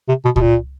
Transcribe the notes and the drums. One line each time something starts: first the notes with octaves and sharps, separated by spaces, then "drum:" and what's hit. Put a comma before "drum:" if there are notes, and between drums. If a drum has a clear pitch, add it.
C3
B2
B2, drum: kick C#2
A#2